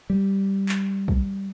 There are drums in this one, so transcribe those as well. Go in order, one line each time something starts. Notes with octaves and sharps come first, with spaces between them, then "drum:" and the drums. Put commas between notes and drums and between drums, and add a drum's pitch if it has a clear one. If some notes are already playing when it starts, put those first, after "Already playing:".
G3
drum: clap
drum: kick